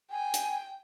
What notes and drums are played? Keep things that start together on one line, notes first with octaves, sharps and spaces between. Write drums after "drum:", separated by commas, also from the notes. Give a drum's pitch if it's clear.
G5 G#5
drum: hi-hat